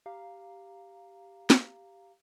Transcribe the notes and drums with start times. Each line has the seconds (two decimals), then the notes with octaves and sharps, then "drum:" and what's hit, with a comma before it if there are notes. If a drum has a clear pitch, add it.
0.06 G4 F5 A#5
1.50 drum: snare